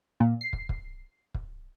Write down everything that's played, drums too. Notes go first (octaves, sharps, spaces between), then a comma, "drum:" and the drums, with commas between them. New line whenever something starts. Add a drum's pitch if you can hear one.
A#2
C7
drum: kick
drum: kick
drum: kick